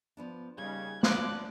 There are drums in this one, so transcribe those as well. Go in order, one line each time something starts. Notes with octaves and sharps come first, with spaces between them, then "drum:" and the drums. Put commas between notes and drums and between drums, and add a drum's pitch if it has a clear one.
F3 B3 D4
D#2 C#3 G3 G#6
A2 C#4 D4 D6 F#6, drum: snare